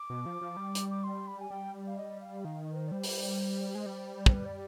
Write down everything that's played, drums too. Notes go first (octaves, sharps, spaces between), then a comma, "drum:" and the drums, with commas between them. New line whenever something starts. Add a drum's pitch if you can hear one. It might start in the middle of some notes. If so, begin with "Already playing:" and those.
Already playing: D6
B2
F3
F3
G3
drum: hi-hat
D6
C6
B5
G#5
G3 G5
F5
D#5
F5
D#3 F5
B4
C5
D5
G3 C5
drum: open hi-hat
G#3
G3
C5, drum: kick
B4
D5